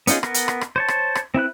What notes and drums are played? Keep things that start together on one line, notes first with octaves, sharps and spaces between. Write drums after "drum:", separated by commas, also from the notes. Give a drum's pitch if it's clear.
B3 C#4 D#4 F4 G#4, drum: hi-hat
B3 A#4, drum: rim click
drum: hi-hat
drum: rim click
drum: rim click
C5 C#5 A5
drum: rim click
drum: rim click
C4 E4 B4 F#6